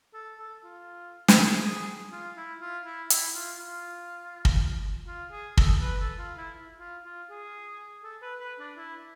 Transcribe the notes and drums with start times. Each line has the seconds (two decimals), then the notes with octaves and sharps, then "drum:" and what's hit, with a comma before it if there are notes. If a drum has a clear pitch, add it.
0.14 A4
0.40 A4
0.64 F4
1.28 drum: snare
1.38 G#4
2.12 F4
2.37 E4
2.61 F4
2.85 E4
3.10 E4, drum: hi-hat
3.35 F4
3.59 F4
4.45 drum: kick
5.08 F4
5.32 G#4
5.57 A4, drum: kick
5.81 B4
6.00 A4
6.19 F4
6.38 E4
6.80 F4
7.05 F4
7.30 G#4
8.04 A4
8.22 B4
8.40 B4
8.59 D4
8.77 E4